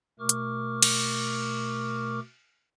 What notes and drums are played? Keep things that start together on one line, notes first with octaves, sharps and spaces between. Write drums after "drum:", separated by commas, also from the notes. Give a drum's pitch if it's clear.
B2 A3 A#4 C#6 D6 F6
drum: hi-hat
drum: cymbal